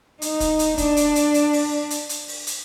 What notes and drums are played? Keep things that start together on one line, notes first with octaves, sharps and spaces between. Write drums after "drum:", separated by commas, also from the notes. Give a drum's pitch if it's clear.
D#4, drum: hi-hat
drum: kick E1, hi-hat
drum: hi-hat
D4, drum: kick E1, hi-hat
drum: hi-hat
drum: hi-hat
drum: hi-hat
drum: open hi-hat
drum: hi-hat
drum: hi-hat
drum: open hi-hat
drum: hi-hat